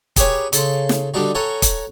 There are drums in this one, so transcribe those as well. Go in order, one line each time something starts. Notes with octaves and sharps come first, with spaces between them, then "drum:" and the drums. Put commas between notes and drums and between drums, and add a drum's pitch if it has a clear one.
G4 G#4 A#4 B4 C#5 G#5, drum: kick, hi-hat
C#3 A4 A5 C6, drum: hi-hat
drum: snare
D3 G3 D4 D#4 F#4
A4 C#5 F#5 G#5 A#5
drum: kick, hi-hat